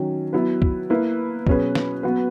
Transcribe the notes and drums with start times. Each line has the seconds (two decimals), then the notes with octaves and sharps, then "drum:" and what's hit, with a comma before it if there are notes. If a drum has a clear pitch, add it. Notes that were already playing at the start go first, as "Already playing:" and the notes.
Already playing: D#3 F#3 C#4
0.33 F#3 B3 E4 B4
0.62 drum: kick
0.90 A#3 E4 B4
1.47 B2 F#3 C#4 G#4 B4, drum: kick
1.75 drum: snare
2.03 F#3 B3 F#4 B4